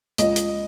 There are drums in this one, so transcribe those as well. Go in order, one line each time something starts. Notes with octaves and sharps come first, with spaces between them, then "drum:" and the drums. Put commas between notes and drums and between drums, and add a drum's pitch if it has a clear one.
C#2 D#5, drum: hi-hat
drum: hi-hat